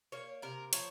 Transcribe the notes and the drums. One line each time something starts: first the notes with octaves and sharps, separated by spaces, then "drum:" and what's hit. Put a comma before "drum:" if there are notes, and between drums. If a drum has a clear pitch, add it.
A#3 C#5
C3 A#4
F3 C#5, drum: hi-hat